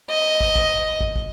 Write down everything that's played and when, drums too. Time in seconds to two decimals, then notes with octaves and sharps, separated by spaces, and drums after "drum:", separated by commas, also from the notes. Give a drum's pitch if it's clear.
0.11 D#5
0.41 drum: kick
0.56 drum: kick
1.01 drum: kick
1.16 drum: kick